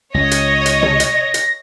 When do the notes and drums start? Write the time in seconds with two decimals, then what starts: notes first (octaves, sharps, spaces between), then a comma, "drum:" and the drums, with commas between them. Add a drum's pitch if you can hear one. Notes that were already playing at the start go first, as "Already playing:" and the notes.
0.14 C#2 C#5 D#5 A#6
0.31 drum: hi-hat
0.66 drum: hi-hat
0.83 drum: tom C3
1.00 drum: hi-hat
1.34 drum: hi-hat